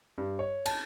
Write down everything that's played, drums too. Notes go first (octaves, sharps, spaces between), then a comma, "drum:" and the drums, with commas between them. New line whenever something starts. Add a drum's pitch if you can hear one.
G2
C#5
A5, drum: cymbal